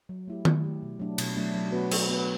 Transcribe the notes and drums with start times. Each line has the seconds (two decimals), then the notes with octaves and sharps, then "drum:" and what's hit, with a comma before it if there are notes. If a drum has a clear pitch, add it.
0.09 F#3
0.28 A3 E4 G4
0.45 F#3, drum: tom D#3
0.64 A3 E4 G4
0.83 B2
1.00 F#3 A3 D4
1.18 B2, drum: cymbal
1.36 F#3 A3 D4
1.55 F#3
1.72 B3 F#4 B4
1.91 F#3, drum: cymbal
2.09 B3 F#4 B4